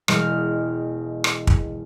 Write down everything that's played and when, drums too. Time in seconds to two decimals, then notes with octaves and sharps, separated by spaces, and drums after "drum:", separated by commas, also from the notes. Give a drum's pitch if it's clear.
0.08 E1 G#3 F6, drum: rim click
1.24 drum: rim click
1.47 drum: kick